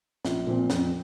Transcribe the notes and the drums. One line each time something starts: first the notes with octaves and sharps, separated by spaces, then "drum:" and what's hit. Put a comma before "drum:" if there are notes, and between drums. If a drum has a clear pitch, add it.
A#1, drum: snare
A#2 F3 C4
F2, drum: snare